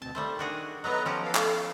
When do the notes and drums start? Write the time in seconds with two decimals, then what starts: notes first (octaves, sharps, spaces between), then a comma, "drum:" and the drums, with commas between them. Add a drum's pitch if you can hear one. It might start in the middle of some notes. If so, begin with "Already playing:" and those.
0.02 D2 B2 C4 A5
0.15 D#3 G3 A3 C5
0.39 D4 F#4 G#4
0.84 F#3 A3 B3 B4 D#5 A#5
1.06 F3 C#4 G4 A#5
1.24 A4 F5
1.35 drum: clap